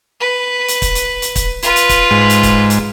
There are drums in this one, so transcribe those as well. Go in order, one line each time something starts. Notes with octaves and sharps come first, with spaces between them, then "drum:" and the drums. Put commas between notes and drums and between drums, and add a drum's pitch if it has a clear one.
B4
drum: hi-hat
drum: kick, hi-hat
drum: hi-hat
drum: hi-hat
drum: kick, hi-hat
F4 B4, drum: hi-hat
drum: hi-hat
drum: kick, hi-hat
G#2
drum: hi-hat
drum: kick, hi-hat
drum: hi-hat